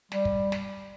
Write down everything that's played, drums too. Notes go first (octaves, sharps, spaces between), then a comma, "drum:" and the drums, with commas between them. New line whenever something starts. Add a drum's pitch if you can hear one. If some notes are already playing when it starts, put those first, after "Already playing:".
G3, drum: snare
drum: kick
drum: snare